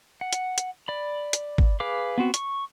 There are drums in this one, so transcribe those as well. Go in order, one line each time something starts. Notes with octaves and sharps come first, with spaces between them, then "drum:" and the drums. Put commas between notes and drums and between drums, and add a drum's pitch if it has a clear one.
F#5
drum: hi-hat
drum: hi-hat
D5 B5
drum: hi-hat
drum: kick
G#4 B4 F5 D6
B3 C4 F#4
C#6, drum: hi-hat